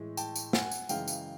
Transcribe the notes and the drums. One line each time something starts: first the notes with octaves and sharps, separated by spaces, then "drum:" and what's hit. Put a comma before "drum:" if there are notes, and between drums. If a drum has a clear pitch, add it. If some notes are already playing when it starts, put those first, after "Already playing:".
Already playing: A2 E3 G#3
G5 A5, drum: tambourine
drum: tambourine
F#5 G#5, drum: snare
drum: tambourine
F#2 C#3 E3 G#3 F5 G5, drum: tambourine
drum: tambourine